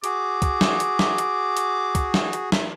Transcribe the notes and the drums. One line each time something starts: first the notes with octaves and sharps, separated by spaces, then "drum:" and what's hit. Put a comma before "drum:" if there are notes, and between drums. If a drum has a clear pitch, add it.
F#4 G#4 D6, drum: hi-hat
drum: kick, hi-hat
drum: snare
drum: hi-hat
drum: snare
drum: hi-hat
drum: hi-hat
drum: kick, hi-hat
drum: snare
drum: hi-hat
drum: snare